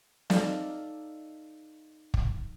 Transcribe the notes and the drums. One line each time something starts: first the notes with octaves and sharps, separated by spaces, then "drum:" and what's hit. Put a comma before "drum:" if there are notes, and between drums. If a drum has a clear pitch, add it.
D#4 A4 D5 F5, drum: snare
drum: kick